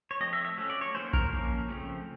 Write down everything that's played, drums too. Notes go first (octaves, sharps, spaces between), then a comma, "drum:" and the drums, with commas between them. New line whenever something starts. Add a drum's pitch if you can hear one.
C#5
F3 A3 C4 D#5
E5
E5
F#3 A3 C#4
D5
C#5
D#3 F#3 A#3 C#4 C5
A#4, drum: kick A#1
F3 A#3 C#4
C#3 F3 A3 C4